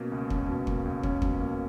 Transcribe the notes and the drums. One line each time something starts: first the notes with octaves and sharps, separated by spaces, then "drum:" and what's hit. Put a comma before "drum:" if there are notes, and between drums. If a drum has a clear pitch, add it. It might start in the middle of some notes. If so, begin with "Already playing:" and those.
Already playing: B2 A#3 C#4
C#2
C#4, drum: kick
B2
A#3, drum: kick
C#2
C#4, drum: kick
B2, drum: kick
A#3